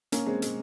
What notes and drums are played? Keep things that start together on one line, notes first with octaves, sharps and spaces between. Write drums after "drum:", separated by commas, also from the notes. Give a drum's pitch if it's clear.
A#3 C#4, drum: hi-hat
G#3 C4
G#3, drum: hi-hat